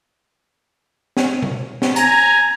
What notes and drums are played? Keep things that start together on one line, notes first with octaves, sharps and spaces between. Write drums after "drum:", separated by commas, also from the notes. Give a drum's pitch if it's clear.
drum: snare
drum: tom B2
drum: snare
G#5 A#5, drum: hi-hat